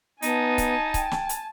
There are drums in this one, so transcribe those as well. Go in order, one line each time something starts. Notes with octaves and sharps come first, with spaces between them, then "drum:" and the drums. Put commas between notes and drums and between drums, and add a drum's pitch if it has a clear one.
B3 D#4 G#5 A5, drum: hi-hat
drum: kick C#1, hi-hat
G5, drum: kick C#1, hi-hat
drum: snare
drum: hi-hat